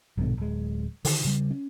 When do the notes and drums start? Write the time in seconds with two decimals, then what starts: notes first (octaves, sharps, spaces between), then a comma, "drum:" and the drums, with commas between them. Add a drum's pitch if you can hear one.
0.17 A#1 G2 B2 D3
0.37 D1 G#3
1.05 D3 D#3, drum: open hi-hat
1.25 C#3 G3
1.51 C#4